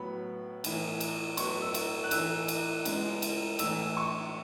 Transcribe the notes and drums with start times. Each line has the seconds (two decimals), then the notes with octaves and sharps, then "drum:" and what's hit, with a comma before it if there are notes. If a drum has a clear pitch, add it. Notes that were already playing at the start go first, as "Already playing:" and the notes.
Already playing: A2 F#3 B3 B5
0.64 A2 E3 B3, drum: cymbal
1.00 drum: cymbal
1.37 A2 F#3 B3 C#6, drum: cymbal
1.62 E6
1.74 drum: cymbal
2.04 F#6
2.11 A2 E3 A3 E6, drum: cymbal
2.48 drum: cymbal
2.85 C#3 G#3 B3, drum: cymbal
3.22 drum: cymbal
3.59 A2 E3 A3 E6, drum: cymbal
3.97 C#6